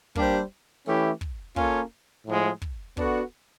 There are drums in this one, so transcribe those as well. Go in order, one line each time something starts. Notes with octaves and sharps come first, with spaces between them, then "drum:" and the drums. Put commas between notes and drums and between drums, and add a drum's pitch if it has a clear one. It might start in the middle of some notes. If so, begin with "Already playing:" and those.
G3 A#3 D4 G4 C5, drum: kick
E3 A3 C#4 E4 G4
drum: kick
A#3 C#4 F4 A4 C#5, drum: kick
A2 F3 G#3
drum: kick
B3 D4 F#4 A4, drum: kick